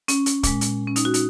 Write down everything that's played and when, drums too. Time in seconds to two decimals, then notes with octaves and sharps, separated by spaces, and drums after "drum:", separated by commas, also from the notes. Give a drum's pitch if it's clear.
0.08 C#4, drum: hi-hat
0.26 drum: hi-hat
0.43 A#2 G#3, drum: kick, hi-hat
0.61 drum: hi-hat
0.88 C#4
0.96 D#4, drum: hi-hat
1.05 F#4
1.14 D#4, drum: hi-hat